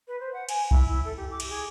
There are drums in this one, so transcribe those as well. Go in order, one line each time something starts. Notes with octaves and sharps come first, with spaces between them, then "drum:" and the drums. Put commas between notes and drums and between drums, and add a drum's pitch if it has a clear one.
B4
C5
F#5
G#5, drum: cymbal
E4, drum: kick C2
E4
A4
G4
D6
drum: cymbal
G#4